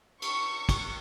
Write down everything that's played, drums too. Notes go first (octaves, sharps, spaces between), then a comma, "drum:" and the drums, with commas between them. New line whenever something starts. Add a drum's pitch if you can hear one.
C#6, drum: cymbal
drum: kick, cymbal